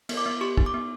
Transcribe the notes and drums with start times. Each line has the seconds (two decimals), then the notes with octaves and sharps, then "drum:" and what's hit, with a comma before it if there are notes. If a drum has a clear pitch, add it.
0.09 B3, drum: cymbal
0.17 D6
0.26 B3
0.41 G4 C#6
0.57 D#4, drum: kick
0.66 D6
0.74 B3